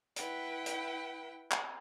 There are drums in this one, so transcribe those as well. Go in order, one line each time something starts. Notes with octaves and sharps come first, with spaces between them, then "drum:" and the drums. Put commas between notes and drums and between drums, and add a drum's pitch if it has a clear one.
E4 B4 F#5 G5, drum: hi-hat
drum: hi-hat
drum: clap